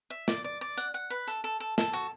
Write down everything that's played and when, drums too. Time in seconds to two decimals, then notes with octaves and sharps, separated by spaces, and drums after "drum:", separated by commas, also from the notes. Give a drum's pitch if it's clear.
0.10 E5
0.28 D5, drum: snare
0.44 D5
0.61 D5
0.77 F#5, drum: hi-hat
0.94 F#5
1.10 B4
1.27 A4, drum: hi-hat
1.44 A4
1.60 A4
1.78 A4, drum: snare
1.93 F#4